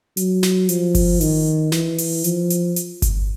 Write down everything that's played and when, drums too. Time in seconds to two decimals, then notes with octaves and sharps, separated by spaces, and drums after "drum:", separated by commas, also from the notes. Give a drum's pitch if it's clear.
0.17 F#3, drum: hi-hat
0.43 drum: snare
0.69 F3, drum: hi-hat
0.95 drum: kick G1, open hi-hat
1.21 D#3, drum: open hi-hat
1.72 E3, drum: snare
1.98 drum: open hi-hat
2.24 F3, drum: hi-hat
2.50 drum: hi-hat
2.76 drum: hi-hat
3.02 drum: kick G1, hi-hat